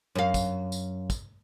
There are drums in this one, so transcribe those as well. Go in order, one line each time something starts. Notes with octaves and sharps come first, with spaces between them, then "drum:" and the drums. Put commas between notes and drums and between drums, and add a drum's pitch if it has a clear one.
F#2 F5
drum: kick, tambourine
drum: tambourine
drum: kick, tambourine